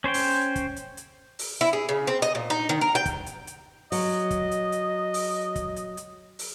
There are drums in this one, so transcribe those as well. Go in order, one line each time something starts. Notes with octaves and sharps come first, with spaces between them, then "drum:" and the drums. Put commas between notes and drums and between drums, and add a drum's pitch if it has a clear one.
C#4 C5 C#5 G5
drum: open hi-hat
drum: kick, hi-hat
drum: hi-hat
drum: hi-hat
drum: open hi-hat
E4
G#4
C#3
C4
D#5, drum: hi-hat
A#2
D#4
D#3
A#4
G5
drum: kick, hi-hat
drum: hi-hat
drum: hi-hat
F#3 D#5, drum: open hi-hat
drum: kick, hi-hat
drum: hi-hat
drum: hi-hat
drum: open hi-hat
drum: kick, hi-hat
drum: hi-hat
drum: hi-hat
drum: open hi-hat